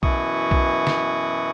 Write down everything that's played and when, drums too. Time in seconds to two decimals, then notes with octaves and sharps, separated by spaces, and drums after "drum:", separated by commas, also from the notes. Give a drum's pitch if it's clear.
0.03 F#2 B2 E3 E4 C#6 D#6, drum: kick B1
0.51 drum: kick B1
0.87 drum: snare